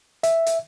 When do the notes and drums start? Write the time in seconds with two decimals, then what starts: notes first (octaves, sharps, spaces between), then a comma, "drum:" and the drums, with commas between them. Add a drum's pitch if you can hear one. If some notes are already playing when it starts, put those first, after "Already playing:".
0.23 E5, drum: hi-hat
0.47 drum: hi-hat